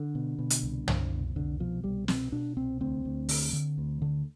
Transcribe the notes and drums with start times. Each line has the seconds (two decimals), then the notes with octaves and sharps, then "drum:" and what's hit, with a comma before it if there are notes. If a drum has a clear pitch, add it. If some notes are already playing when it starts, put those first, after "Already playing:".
Already playing: D3
0.15 B2
0.39 B2
0.50 drum: hi-hat
0.63 C2
0.88 C2, drum: tom
1.11 B2
1.35 C2 D3
1.60 B2 F3
1.84 C2 G3
2.08 B2 C4, drum: snare
2.32 B2 D4
2.56 C2 C4
2.81 D2 C4
3.05 D2
3.29 D3, drum: open hi-hat
3.53 D3
3.78 D2
4.02 D3